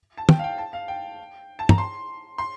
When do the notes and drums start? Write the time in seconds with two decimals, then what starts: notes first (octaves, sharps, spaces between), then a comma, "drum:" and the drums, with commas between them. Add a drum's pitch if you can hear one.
0.18 A5
0.29 G5, drum: tom
0.39 F5
0.44 G5
0.58 A5
0.73 F5
0.88 G5
1.59 A5
1.69 A#5, drum: tom
1.78 C6
2.38 C6